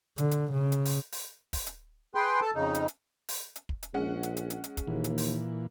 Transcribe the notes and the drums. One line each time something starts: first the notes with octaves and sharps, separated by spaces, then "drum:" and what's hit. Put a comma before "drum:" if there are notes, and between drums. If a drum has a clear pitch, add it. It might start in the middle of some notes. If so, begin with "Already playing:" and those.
D3, drum: hi-hat
drum: hi-hat
C#3
drum: hi-hat
drum: open hi-hat
drum: open hi-hat
drum: kick, open hi-hat
drum: hi-hat
G#4 B4 G5 C6
A4 A5
F2 C#3 D#4
drum: hi-hat
drum: hi-hat
drum: open hi-hat
drum: hi-hat
drum: kick
drum: hi-hat
A#1 G#3 C#4 F#5
drum: hi-hat
drum: hi-hat
drum: hi-hat
drum: hi-hat
drum: kick, hi-hat
D#2 A#2 E3
drum: hi-hat
drum: open hi-hat